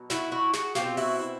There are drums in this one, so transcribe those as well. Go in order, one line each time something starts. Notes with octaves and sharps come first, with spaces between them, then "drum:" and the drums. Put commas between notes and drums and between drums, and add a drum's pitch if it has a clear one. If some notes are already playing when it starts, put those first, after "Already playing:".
Already playing: B2 F#3
E4 F#4, drum: snare
E4 F#4
F#4 G#4, drum: snare
B2 G#3 C4 F4 G4, drum: snare
E4 F#4, drum: open hi-hat
E4